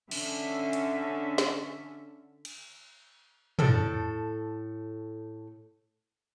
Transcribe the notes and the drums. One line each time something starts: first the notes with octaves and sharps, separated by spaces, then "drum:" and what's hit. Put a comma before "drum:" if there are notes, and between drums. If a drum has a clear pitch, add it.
D3 C#4 E5, drum: cymbal
drum: hi-hat
drum: snare
drum: cymbal
A2 A4, drum: tom